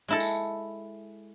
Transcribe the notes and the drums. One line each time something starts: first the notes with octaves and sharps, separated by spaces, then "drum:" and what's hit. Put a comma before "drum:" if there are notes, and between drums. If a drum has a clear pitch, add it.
G#3 E4 A4
drum: tambourine